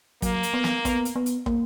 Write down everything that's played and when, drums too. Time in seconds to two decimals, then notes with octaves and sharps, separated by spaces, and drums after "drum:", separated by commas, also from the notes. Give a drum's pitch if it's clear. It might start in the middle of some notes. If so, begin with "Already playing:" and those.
0.22 F#3 A#3, drum: kick, hi-hat
0.43 drum: hi-hat
0.54 B3
0.64 drum: snare
0.85 B3, drum: kick, hi-hat
1.05 drum: hi-hat
1.16 B3
1.26 drum: hi-hat
1.46 A#3, drum: kick